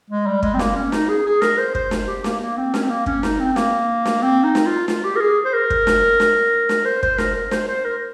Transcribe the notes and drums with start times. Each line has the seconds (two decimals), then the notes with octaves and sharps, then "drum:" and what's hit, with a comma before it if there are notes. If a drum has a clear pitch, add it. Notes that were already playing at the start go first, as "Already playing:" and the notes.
0.10 G#3
0.27 G3
0.43 G#3, drum: kick
0.54 C4
0.59 A#3, drum: snare
0.76 C#4
0.92 D#4, drum: snare
1.09 G#4
1.26 G#4
1.42 A#4, drum: snare
1.58 C5
1.75 C5, drum: kick
1.91 drum: snare
2.07 G4
2.24 A#3, drum: snare
2.41 A#3
2.57 C4
2.74 C#4, drum: snare
2.82 C4
2.90 A#3
3.06 C#4, drum: kick
3.23 D#4, drum: snare
3.40 C4
3.56 A#3, drum: snare
4.05 drum: snare
4.22 C4
4.44 D#4
4.55 drum: snare
4.66 F4
4.88 F4, drum: snare
5.04 G4
5.16 A#4
5.21 G#4
5.45 C5
5.54 A#4
5.70 drum: kick
5.87 drum: snare
6.20 drum: snare
6.69 drum: snare
6.85 C5
7.03 C5, drum: kick
7.18 A#4, drum: snare
7.35 A#4
7.51 C5, drum: snare
7.68 C5
7.85 A#4